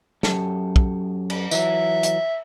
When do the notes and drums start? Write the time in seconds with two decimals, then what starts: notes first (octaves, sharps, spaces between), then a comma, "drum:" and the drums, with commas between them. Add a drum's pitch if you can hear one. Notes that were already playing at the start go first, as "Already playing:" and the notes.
0.23 F#2 G4 A4, drum: snare
0.76 drum: kick
1.30 drum: cymbal
1.51 E3 F#3 E5, drum: tambourine
2.03 drum: hi-hat